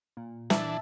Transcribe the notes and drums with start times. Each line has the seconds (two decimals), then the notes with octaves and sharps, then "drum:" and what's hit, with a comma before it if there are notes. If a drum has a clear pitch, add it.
0.17 A#2
0.50 E3 D4 E5 A5, drum: snare